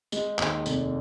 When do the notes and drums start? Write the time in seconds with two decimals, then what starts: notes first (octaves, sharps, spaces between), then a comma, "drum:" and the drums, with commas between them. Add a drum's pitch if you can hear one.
0.12 G#3, drum: tambourine
0.39 D#2, drum: clap
0.66 F1, drum: tambourine